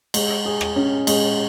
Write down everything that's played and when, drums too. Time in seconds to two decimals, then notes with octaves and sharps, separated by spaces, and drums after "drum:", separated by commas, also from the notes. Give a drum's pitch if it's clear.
0.14 G#3, drum: cymbal
0.45 G#4
0.61 drum: rim click
0.76 C#4
1.07 G#3, drum: cymbal